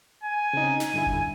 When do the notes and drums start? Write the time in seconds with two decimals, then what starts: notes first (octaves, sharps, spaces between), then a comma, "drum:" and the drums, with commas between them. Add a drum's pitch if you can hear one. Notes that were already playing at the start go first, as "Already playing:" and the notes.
0.24 G#5
0.53 C#3 C4 D#4
0.80 drum: snare
0.94 G2 D3 E4
1.06 drum: kick F1